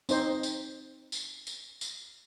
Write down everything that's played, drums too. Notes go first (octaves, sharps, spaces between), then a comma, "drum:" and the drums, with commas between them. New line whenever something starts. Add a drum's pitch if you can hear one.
C4 D#4 C5, drum: tambourine
drum: tambourine
drum: tambourine
drum: tambourine
drum: tambourine